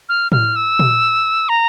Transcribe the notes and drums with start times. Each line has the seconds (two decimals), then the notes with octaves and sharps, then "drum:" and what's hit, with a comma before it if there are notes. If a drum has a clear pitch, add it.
0.09 F6
0.32 F6, drum: tom A2
0.56 E6
0.79 drum: tom A#2
1.49 A#5